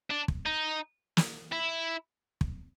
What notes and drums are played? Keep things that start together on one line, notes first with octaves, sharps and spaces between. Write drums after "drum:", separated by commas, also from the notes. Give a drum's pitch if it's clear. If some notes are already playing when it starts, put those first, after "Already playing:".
D4
drum: kick
D#4
drum: snare
E4
drum: kick